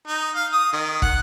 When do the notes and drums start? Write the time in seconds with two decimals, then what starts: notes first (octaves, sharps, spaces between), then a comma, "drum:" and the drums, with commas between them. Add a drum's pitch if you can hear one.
0.07 D#4
0.35 F5
0.53 D#6
0.73 D#3
1.02 F#5, drum: kick